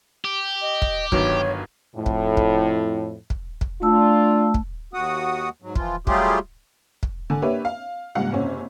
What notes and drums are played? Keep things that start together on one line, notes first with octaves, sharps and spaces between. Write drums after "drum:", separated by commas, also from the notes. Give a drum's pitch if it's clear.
G4
D#5
drum: kick
G1 D#3 F#3 C#5, drum: kick
F2 A2
drum: kick
drum: kick
drum: kick
drum: kick
A3 D4 F4 A5 E6
drum: kick
D#2 F#4 F#5 D#6
G#2 F#3
E3 F3 F4, drum: kick
F#3 G3 A3 F4 G4 G#4, drum: kick
drum: kick
D3 G#5
A#3 D4 G4 B4 C#5 E5
F5
A#1 G#2 C#3 G3 F5 F#5
F#1 C3 C#4